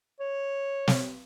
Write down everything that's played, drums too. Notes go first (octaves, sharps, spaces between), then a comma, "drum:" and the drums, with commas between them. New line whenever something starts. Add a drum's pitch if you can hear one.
C#5
drum: snare